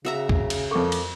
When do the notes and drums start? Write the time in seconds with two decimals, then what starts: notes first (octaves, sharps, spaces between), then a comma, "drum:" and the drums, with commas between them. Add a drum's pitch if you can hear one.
0.05 C#3 F#4 E5 A#5
0.29 drum: kick
0.50 drum: cymbal
0.71 F2 A4 A#4 C#6 D6
0.92 drum: cymbal